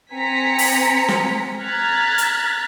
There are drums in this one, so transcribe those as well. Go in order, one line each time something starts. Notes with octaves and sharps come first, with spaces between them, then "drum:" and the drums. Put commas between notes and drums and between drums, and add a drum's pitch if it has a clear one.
C4 G#5 A#5 B6 C#7
drum: open hi-hat
drum: snare
A#5 F6 F#6 G#6 A6 B6
drum: hi-hat